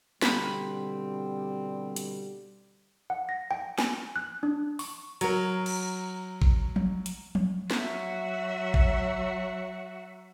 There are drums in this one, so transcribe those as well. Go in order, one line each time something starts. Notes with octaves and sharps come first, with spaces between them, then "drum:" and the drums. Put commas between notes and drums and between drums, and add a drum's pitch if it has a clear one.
B2 D3 G3 C4 B5, drum: snare
drum: hi-hat
F#5
A#6
G5
G#5, drum: snare
F#6
D4
C#6, drum: open hi-hat
F#3 A#4, drum: hi-hat
drum: cymbal
drum: kick G#1
drum: tom F3
drum: hi-hat
drum: tom F3
F#3 F#4 E5, drum: snare
drum: kick G#1